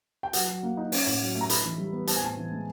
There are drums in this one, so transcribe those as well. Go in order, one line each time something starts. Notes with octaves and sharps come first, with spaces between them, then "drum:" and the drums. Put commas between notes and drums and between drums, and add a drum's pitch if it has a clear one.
G5
F#3 F#5, drum: hi-hat
F#3
A#3
D#4
C#4, drum: open hi-hat
A2
F#3
A3
A#5
D#4 B5, drum: hi-hat
E3
G3
B3
C4 A5, drum: hi-hat
G#5
A2 A5
E3
G#3